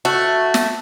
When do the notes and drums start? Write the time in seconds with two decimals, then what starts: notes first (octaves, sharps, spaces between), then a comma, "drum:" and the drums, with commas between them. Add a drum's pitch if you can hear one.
0.05 A3 F#4
0.54 drum: snare